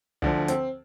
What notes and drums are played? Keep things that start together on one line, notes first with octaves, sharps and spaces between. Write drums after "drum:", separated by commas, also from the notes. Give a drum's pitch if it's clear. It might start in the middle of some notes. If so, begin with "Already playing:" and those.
D2 D3 F3, drum: kick
C4, drum: hi-hat